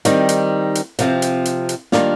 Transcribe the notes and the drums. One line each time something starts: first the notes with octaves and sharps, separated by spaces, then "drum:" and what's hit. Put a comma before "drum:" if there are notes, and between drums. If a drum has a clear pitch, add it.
D#3 G3 C4 D#4, drum: hi-hat
drum: hi-hat
drum: hi-hat
C3 F3 C4, drum: hi-hat
drum: hi-hat
drum: hi-hat
drum: hi-hat
D#3 G3 A#3 D4 F4, drum: snare